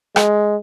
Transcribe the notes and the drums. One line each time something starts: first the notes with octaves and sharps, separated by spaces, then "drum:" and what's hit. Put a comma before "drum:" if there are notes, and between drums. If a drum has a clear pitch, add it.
G#3, drum: rim click